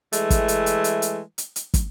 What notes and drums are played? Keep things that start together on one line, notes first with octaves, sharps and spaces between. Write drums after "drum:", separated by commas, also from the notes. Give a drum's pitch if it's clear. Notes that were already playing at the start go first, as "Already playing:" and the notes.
E3 G#3 A3, drum: hi-hat
drum: kick, hi-hat
drum: hi-hat
drum: hi-hat
drum: hi-hat
drum: hi-hat
drum: hi-hat
drum: hi-hat
drum: kick, hi-hat